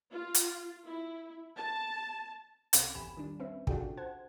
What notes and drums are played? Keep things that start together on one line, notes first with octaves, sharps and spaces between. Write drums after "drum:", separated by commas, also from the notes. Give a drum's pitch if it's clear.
F4
drum: hi-hat
E4
A5
C2 C4 C#4 A4 F5 G#6, drum: hi-hat
A1 E2 G4 G#5 B5 E7
D#3 G3 D4
C4 C#4 B4 E5
D4 F4 F#4 G#4 A4 G5, drum: kick
C5 F#5 A5 G#6